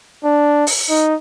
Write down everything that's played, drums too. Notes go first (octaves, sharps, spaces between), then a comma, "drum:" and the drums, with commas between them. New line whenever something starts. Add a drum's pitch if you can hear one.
D4
drum: open hi-hat
D#4